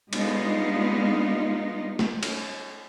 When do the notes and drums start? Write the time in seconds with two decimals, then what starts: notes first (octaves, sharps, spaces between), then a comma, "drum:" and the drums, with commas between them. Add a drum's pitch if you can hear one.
0.13 G3 G#3 B3 D4 D#4 F4, drum: cymbal
1.99 drum: snare
2.23 drum: cymbal